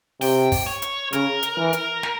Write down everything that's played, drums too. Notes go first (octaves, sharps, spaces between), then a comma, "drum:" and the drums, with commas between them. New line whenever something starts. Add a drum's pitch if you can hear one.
C3 G5, drum: open hi-hat
drum: kick, open hi-hat
C#5
drum: hi-hat
C#3 A#4, drum: hi-hat
drum: hi-hat
E3
drum: hi-hat
drum: snare